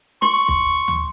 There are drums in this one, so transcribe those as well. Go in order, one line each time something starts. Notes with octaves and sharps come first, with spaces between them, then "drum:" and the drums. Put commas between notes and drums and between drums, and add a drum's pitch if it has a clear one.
C6 C#6, drum: snare
drum: kick
drum: tom D2